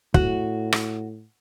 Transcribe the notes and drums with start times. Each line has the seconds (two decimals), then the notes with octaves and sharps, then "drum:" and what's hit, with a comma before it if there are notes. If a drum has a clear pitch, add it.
0.14 A2 F#4, drum: kick
0.72 drum: rim click